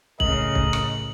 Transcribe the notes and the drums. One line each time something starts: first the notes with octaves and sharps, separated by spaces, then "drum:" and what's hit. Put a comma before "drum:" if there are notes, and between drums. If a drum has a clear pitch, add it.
A2 C#3 A#4 D#5 F#7, drum: kick
drum: kick
drum: rim click